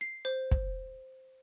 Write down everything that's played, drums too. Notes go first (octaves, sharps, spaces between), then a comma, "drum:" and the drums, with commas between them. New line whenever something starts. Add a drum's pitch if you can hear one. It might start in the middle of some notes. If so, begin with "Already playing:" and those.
C7
C5
drum: kick